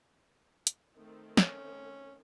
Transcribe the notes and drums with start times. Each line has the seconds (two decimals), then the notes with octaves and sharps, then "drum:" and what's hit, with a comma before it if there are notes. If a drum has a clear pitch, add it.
0.67 drum: hi-hat
0.96 D#3 A3 C4
1.37 C#4, drum: snare